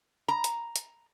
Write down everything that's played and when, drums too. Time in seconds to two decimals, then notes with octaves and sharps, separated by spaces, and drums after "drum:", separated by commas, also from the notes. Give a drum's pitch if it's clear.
0.28 A#5
0.44 drum: hi-hat
0.76 drum: hi-hat